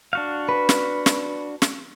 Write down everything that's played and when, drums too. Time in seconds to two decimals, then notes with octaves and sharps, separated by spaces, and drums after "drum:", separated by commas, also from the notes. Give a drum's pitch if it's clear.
0.13 D4 F#4 F5
0.49 B4
0.69 drum: snare
1.06 drum: snare
1.62 drum: snare